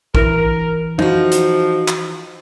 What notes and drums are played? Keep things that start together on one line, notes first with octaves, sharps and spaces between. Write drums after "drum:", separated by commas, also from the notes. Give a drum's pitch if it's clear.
E3 A#4, drum: kick A#1
F3 D#4 F#4, drum: tom F#3
drum: hi-hat
drum: clap